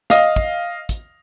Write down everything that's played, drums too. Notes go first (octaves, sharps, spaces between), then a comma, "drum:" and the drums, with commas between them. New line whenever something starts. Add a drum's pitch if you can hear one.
D#5 F5, drum: snare
drum: kick
drum: kick, hi-hat